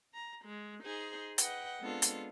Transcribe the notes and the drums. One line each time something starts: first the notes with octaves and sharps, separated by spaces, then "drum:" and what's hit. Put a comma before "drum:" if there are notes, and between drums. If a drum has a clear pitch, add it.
A#5
G#3
D#4 G#4 C5
B4 D#5 F#5 G5, drum: hi-hat
G#3 B3 C4 D4 F4 A4
drum: hi-hat